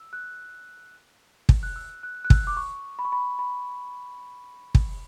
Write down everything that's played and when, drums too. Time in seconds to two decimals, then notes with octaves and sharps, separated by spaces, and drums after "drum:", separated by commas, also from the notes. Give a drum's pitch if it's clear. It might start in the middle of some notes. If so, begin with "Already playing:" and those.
Already playing: E6
0.13 F#6
1.49 drum: kick
1.63 F#6
1.76 E6
2.03 F#6
2.25 F#6
2.30 E6, drum: kick
2.47 D6
2.57 C#6
2.99 B5
3.05 C#6
3.12 B5
3.39 B5
4.75 drum: kick